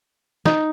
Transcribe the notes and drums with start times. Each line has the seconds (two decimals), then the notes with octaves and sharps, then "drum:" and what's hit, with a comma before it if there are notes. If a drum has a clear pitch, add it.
0.46 D#4, drum: snare